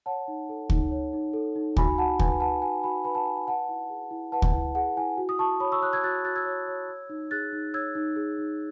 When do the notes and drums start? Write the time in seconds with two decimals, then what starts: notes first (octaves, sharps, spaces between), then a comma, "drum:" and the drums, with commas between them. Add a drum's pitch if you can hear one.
0.06 C#5 F#5 A5
0.28 D#4
0.49 A4
0.70 D#4, drum: kick
0.91 C#5
1.13 D#4
1.33 A4
1.55 D#4
1.77 F#4 G#5 B5, drum: kick
1.98 F#4 F#5 A5
2.19 B4 G#5, drum: kick
2.40 B4 F#5 A5
2.62 F#4 G#5
2.83 F#4 G#5 B5
3.04 B4 G#5 B5
3.15 F#5 A5
3.25 B4 G#5
3.37 G#5
3.47 B4 F#5 A5
3.69 E4
3.89 G#4
4.11 E4
4.32 B4 F#5 A5
4.42 drum: kick
4.54 E4
4.75 G#4 F#5
4.97 E4 G#5
5.17 F#4
5.29 D#6
5.39 F#4 A5 C#6
5.60 C#5 B5 D#6
5.72 C#6 E6
5.81 C#5 D#6 F#6
5.93 E6 G#6
6.04 F#4 F#6 A6
6.25 F#4 F#6 A6
6.36 E6 G#6
6.46 C#5
6.68 C#5
6.88 C#5
7.10 D#4
7.31 G#4 F#6 A6
7.53 D#4
7.74 C#5 E6 G#6
7.95 D#4
8.16 G#4
8.38 D#4